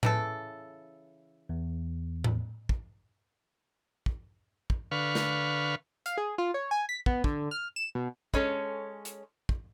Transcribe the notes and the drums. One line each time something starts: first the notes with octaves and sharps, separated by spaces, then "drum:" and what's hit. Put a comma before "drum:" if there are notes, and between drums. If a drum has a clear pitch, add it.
C#3 E3 A4, drum: tom A2
E2
drum: tom A2
drum: kick
drum: kick
drum: kick
D3 B4 F5 C#6
drum: snare
F5, drum: hi-hat
G#4
F4
C#5
G#5
B6
B3, drum: kick
D3, drum: kick
F6
E7
B2
G#3 C#4 A4 C#5, drum: kick
drum: hi-hat
drum: kick